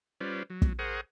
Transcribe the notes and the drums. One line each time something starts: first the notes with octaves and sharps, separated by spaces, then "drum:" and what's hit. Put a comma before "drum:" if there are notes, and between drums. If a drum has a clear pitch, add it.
G3 C#4 F4 B4 C5 D5
F#3
drum: kick
G#4 A#4 C5 F#5 C#6 D#6